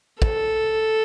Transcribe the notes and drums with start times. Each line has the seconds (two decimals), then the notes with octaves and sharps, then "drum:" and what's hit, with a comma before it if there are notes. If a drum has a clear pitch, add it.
0.22 A4, drum: kick